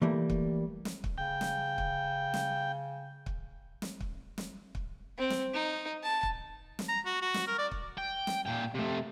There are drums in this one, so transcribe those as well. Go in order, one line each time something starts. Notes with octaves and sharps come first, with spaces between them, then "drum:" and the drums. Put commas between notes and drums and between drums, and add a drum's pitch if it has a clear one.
E3 G3 A3 A#3
drum: kick
drum: snare
drum: kick
C#3 G5
drum: snare
drum: kick
drum: snare
drum: kick
drum: snare
drum: kick
drum: snare
drum: kick
C4
drum: snare
D#4
A5
drum: kick
drum: snare
A#5
F#4
F#4
drum: snare
A#4
D5
drum: kick
G5
drum: snare
A#2 G5
C3 A3